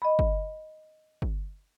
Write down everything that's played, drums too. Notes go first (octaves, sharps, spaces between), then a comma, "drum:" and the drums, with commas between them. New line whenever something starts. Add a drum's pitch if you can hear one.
D#5 B5
drum: kick
drum: kick